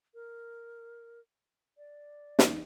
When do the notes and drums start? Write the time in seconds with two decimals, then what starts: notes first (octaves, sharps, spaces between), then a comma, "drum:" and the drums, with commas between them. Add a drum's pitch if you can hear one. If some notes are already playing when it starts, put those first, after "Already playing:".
0.14 A#4
1.78 D5
2.39 E2 E3 D#4, drum: snare